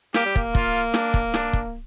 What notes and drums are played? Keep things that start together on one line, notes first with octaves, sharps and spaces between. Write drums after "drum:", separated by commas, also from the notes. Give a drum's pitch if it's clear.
A#3 G4, drum: snare
G3
A#3, drum: kick
F4, drum: kick
D4, drum: snare
drum: kick
D4, drum: snare
drum: kick